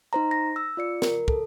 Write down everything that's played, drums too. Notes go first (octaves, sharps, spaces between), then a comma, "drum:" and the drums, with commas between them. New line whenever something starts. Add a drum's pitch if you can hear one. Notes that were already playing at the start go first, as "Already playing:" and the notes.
D#4 C5 A#5
A#6
E6
F4 D5 C#7
A#4, drum: snare
A4, drum: kick